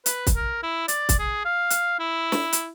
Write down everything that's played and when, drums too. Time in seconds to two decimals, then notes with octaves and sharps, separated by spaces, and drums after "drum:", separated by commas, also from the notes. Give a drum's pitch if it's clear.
0.06 B4, drum: hi-hat
0.27 drum: kick, hi-hat
0.36 A#4
0.63 E4
0.88 D5, drum: hi-hat
1.09 drum: kick, hi-hat
1.19 G#4
1.45 F5
1.70 drum: hi-hat
1.99 E4
2.32 drum: snare
2.53 drum: hi-hat